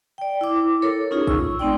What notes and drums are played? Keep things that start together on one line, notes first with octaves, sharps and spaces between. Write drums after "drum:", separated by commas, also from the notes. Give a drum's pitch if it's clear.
D5 G5
E4 D6
A4 A#4 C#5
C#4 D#4 F4 G#4
C#6 E6, drum: kick A1
A3 C4 D#4 D5 G5